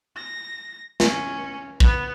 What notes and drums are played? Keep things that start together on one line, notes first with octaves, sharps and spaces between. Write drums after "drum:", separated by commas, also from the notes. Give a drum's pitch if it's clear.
A#6
C#4, drum: snare
B3, drum: kick